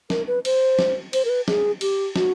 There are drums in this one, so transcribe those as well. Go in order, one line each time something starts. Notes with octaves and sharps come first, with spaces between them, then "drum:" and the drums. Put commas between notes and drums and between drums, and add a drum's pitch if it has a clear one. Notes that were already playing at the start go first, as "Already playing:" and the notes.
A#4, drum: snare
B4
C5, drum: cymbal
drum: snare
C5, drum: cymbal
A#4
B4
G#4, drum: snare
G4, drum: cymbal
F#4, drum: snare